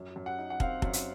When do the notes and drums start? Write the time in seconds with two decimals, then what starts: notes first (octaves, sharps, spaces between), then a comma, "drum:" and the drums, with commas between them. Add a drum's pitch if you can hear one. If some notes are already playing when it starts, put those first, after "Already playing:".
Already playing: F#2
0.16 F#2
0.26 F#5
0.38 D#4
0.50 F#5
0.60 C4 F5, drum: kick
0.82 F#2, drum: kick
0.93 drum: hi-hat